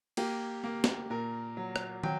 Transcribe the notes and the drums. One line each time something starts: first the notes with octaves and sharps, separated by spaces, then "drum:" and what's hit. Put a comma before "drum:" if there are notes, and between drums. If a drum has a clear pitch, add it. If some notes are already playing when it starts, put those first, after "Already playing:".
A#3 G4, drum: cymbal
A#3
drum: snare
A#2 A#4
F#3
drum: rim click
F#3 G5, drum: tom